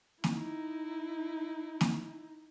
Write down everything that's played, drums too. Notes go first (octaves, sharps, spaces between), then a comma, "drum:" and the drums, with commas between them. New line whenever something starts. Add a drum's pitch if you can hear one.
D#4 E4, drum: snare A#3
drum: snare A#3